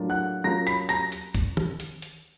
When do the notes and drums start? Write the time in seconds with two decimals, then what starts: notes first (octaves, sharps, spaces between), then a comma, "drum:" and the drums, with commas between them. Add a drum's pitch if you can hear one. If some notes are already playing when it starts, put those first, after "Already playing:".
Already playing: A2 F#3 A#3 D4 F4
0.10 F#5 F#6
0.44 F#3 A#3 C#4 F4 A#5 A#6
0.67 B5 B6, drum: hi-hat
0.89 A#5 A#6, drum: hi-hat
1.12 drum: hi-hat
1.35 drum: kick C2, hi-hat
1.57 drum: tom
1.80 drum: hi-hat
2.02 drum: hi-hat